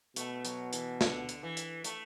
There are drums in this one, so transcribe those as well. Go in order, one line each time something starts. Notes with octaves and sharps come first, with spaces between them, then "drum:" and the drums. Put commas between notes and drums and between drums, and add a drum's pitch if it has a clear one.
B2 A3, drum: hi-hat
F#3, drum: hi-hat
E3, drum: hi-hat
D3, drum: snare
drum: hi-hat
E3
drum: hi-hat
A3, drum: hi-hat